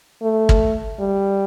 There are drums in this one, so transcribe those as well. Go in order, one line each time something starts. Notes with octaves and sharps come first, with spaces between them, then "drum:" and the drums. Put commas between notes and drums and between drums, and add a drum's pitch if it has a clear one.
A3
drum: kick
G3